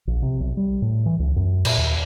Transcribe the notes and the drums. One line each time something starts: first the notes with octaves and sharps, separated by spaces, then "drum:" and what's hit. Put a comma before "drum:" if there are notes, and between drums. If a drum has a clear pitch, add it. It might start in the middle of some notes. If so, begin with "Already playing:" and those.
A#1
C3
B1
G3
A2
E3
C#2
F#2
A#2, drum: cymbal
D#2